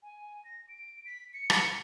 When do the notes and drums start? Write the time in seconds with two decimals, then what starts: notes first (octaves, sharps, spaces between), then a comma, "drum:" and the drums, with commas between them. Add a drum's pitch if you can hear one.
0.03 G#5
0.45 A#6
0.69 D7
1.06 B6
1.33 C#7
1.50 drum: rim click